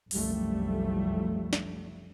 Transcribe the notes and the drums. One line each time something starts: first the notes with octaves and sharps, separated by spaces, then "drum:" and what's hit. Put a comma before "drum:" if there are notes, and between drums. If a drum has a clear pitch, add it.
F#1 C2 F#2 F3 G3 A3, drum: open hi-hat
drum: snare